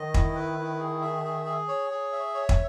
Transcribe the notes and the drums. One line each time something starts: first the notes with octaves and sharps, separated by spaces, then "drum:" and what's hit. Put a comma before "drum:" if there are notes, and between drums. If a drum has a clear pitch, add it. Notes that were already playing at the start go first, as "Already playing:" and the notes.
Already playing: D#3 D#5
E4, drum: kick
B4
E4
G#4
E5
G#4
G#4
C#5
G#4
E5
C#5
drum: kick